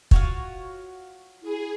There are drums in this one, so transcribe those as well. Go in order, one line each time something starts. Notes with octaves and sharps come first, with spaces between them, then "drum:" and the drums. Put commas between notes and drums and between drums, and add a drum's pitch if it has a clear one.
F4 F#4 C#5, drum: kick
E4 G#4